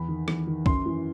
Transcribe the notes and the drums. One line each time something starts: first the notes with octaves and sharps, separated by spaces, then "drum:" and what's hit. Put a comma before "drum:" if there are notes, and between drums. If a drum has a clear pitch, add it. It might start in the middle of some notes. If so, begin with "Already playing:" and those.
Already playing: E2 B5
D#3
E2, drum: rim click
D#3
F#2 C6, drum: kick
E3